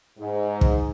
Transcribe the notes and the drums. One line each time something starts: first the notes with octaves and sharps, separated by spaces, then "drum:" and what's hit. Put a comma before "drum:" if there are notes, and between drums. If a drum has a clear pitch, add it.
G#2
drum: kick